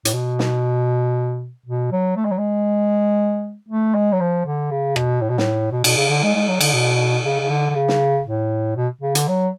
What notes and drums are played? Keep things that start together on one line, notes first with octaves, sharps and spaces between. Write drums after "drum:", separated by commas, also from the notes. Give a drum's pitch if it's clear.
A2, drum: hi-hat
B2
drum: snare
B2
F#3
A3
G#3
F#3
G#3
A3
G#3
F#3
F3
D3
C#3
B2, drum: rim click
A2
B2
A2, drum: snare
B2
B2, drum: cymbal
C#3
D3
G#3
G#3
F#3
D3, drum: cymbal
B2
C#3
C#3
D3
D3
C#3
drum: snare
A2
B2
C#3
D3, drum: hi-hat
F#3